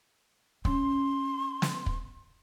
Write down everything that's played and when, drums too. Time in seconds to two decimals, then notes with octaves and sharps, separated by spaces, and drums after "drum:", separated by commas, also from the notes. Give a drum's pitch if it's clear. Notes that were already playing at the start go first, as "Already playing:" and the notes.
0.65 C#4 C6, drum: kick
1.62 drum: snare
1.86 drum: kick